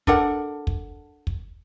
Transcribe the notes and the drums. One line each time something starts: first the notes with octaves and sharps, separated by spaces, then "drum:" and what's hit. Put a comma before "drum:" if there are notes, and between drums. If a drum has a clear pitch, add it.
D4 A4 A#4 F#5, drum: kick
drum: kick
drum: kick